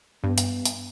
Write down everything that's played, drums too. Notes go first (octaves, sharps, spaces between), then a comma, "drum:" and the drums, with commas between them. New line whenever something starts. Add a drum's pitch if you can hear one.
G2 B3
drum: hi-hat
drum: hi-hat